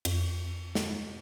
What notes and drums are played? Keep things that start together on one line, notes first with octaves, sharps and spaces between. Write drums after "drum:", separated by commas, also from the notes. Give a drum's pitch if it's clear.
F2, drum: cymbal
drum: snare